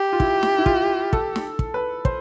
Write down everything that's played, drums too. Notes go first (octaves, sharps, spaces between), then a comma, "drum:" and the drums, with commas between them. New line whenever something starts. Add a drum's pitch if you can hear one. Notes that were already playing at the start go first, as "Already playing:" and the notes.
Already playing: G4
F4
E4, drum: kick
drum: snare
E4
F4, drum: kick
A4, drum: kick
drum: snare
drum: kick
B4
C5, drum: kick